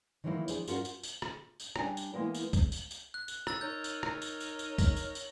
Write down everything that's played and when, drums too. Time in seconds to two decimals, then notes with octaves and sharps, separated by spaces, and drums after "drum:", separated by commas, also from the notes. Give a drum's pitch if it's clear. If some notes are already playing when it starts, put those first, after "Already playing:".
0.24 D#3 E3 F#3 G#3 A#3 E4
0.48 F3 D4 G#4, drum: tambourine
0.68 G2 C#4 F4 F#4 A#4 F#5, drum: tambourine
0.85 drum: tambourine
1.04 drum: tambourine
1.22 drum: rim click
1.60 drum: tambourine
1.76 G3 D4 G#5, drum: rim click
1.97 drum: tambourine
2.14 E3 G#3 A#3 B3 E4 A#4
2.35 drum: tambourine
2.53 drum: kick, tambourine
2.72 drum: tambourine
2.91 drum: tambourine
3.14 F#6
3.28 drum: tambourine
3.47 A#5 E6 A6, drum: rim click
3.61 D#4 A#4 C#5 G6
3.84 drum: tambourine
4.03 drum: rim click
4.22 drum: tambourine
4.40 drum: tambourine
4.59 drum: tambourine
4.78 A#6, drum: kick, tambourine
4.97 drum: tambourine
5.15 drum: tambourine